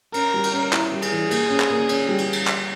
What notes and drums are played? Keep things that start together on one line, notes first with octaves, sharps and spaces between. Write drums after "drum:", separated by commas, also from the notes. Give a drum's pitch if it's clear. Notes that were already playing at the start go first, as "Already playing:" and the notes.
C#4 A#4, drum: cymbal
G3
drum: cymbal
C#4
E4, drum: clap
G3
G#4, drum: cymbal
E3
A#3, drum: cymbal
C#4
drum: clap
A#3
C#4, drum: cymbal
G3
drum: cymbal
drum: cymbal
drum: clap